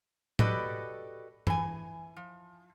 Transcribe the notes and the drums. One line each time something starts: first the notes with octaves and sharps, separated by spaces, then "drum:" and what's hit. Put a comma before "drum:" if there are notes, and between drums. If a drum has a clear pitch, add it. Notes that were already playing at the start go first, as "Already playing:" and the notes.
F#4 G4 A4 B4 D5 D#5, drum: tom
E3 G#5, drum: tom
F3